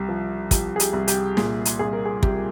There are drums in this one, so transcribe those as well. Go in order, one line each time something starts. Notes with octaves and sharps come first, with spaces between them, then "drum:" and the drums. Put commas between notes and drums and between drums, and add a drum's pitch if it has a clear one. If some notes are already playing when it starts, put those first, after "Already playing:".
Already playing: C2 G4
F3
F3 G4, drum: kick, hi-hat
G#4
G4, drum: hi-hat
C2
G4, drum: hi-hat
A#2 G#4, drum: snare
drum: hi-hat
C2 G#4
A#4
G#4
C2 G4, drum: kick